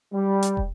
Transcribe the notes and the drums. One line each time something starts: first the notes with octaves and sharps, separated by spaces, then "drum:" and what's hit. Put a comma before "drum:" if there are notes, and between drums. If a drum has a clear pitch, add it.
G3
drum: hi-hat
drum: kick